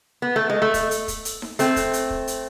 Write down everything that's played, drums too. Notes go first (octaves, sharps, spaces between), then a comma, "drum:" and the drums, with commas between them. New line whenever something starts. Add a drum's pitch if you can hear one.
B3
A3
G#3
A3
drum: kick, hi-hat
drum: hi-hat
drum: kick, hi-hat
drum: hi-hat
drum: snare D#4
A3 C4, drum: hi-hat
drum: kick, hi-hat
drum: hi-hat
drum: kick
drum: hi-hat